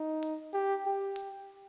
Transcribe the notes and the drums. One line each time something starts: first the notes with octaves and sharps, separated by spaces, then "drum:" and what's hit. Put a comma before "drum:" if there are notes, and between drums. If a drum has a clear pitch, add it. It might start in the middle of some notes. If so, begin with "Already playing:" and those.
Already playing: D#4
drum: hi-hat
G4
G4
drum: hi-hat